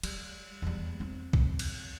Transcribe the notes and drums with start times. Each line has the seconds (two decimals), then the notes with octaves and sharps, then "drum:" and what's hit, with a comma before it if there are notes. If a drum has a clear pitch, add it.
0.03 G3, drum: cymbal
0.62 E2 G3
1.00 C4
1.33 drum: kick A#1
1.59 drum: cymbal